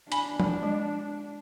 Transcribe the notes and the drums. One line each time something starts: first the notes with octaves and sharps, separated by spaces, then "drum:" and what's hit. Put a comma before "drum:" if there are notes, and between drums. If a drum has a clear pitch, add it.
D4 G#5 B5, drum: hi-hat
drum: tom F3
G#3